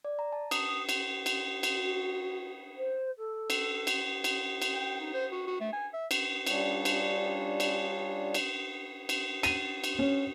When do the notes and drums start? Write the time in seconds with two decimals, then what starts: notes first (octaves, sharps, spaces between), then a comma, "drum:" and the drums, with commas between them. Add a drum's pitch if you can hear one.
0.05 D5
0.19 A#5
0.32 A5
0.51 D#6, drum: cymbal
0.69 D#6
0.89 drum: cymbal
1.26 drum: cymbal
1.63 drum: cymbal
1.75 F#4
2.77 C5
3.17 A4
3.50 drum: cymbal
3.87 drum: cymbal
4.24 drum: cymbal
4.62 drum: cymbal
4.73 G5
5.01 D#4
5.14 C5
5.32 F#4
5.47 F#4
5.60 A3
5.73 G#5
5.93 E5
6.11 drum: cymbal
6.47 G3 C#4 D4 F4 C#5, drum: cymbal
6.85 drum: cymbal
7.60 drum: cymbal
8.34 drum: cymbal
9.09 drum: cymbal
9.43 D#7, drum: cymbal
9.84 drum: cymbal
9.99 C#4